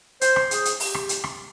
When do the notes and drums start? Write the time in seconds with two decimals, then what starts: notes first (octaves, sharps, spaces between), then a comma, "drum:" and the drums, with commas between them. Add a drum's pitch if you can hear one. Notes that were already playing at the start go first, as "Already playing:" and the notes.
0.21 C5, drum: hi-hat
0.36 drum: rim click
0.51 G#4, drum: hi-hat
0.65 drum: hi-hat
0.80 G4, drum: open hi-hat
0.94 drum: rim click
1.09 drum: hi-hat
1.24 drum: rim click